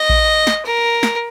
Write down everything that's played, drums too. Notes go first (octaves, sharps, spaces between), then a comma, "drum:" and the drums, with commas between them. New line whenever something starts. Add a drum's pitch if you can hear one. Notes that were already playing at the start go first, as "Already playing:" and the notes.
Already playing: D#5
drum: kick A#1
drum: snare
A#4
drum: snare